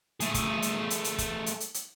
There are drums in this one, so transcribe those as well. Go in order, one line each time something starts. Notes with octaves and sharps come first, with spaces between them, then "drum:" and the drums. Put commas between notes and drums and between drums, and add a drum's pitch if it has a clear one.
A3 G#4, drum: hi-hat
drum: kick, hi-hat
drum: hi-hat
drum: hi-hat
drum: hi-hat
drum: kick, hi-hat
drum: hi-hat
drum: hi-hat
drum: hi-hat